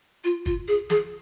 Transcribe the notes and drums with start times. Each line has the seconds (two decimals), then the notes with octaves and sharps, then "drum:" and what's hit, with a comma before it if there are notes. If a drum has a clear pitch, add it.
0.24 F4
0.46 F4, drum: kick
0.68 G#4
0.90 G#4, drum: snare